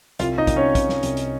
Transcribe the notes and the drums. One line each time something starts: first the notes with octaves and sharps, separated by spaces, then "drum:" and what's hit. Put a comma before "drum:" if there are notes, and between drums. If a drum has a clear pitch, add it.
C2 F4 F5, drum: hi-hat
D#4 D#5
C2, drum: kick, hi-hat
C#4 C#5
C2, drum: kick, hi-hat
drum: snare
C2, drum: hi-hat
drum: hi-hat